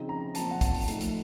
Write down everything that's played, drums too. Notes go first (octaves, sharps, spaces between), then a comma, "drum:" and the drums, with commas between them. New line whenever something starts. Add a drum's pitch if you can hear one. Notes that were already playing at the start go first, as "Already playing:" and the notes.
Already playing: C#3 F3 C4 D#4
A#5
A#2 F3 C4 A5, drum: hi-hat
F#5
A5, drum: kick, hi-hat
drum: open hi-hat
F3 A3 D#4, drum: hi-hat
drum: hi-hat